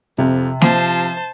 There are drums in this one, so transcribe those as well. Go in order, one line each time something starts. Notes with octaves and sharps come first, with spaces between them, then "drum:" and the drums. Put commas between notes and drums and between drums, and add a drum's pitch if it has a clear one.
F2 C3
F3 C5 A5, drum: snare